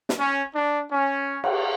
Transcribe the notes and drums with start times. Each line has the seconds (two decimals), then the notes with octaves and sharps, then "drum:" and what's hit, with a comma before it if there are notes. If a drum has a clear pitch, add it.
0.09 drum: snare
0.18 C#4
0.55 D4
0.91 C#4
1.44 drum: cymbal